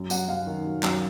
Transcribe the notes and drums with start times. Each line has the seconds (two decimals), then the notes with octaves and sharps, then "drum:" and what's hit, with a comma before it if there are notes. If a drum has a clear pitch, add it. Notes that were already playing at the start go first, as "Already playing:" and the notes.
Already playing: F#2
0.10 F#2 F#5, drum: tambourine
0.28 F#2 F5
0.47 D#3
0.65 F#2
0.83 F#2, drum: clap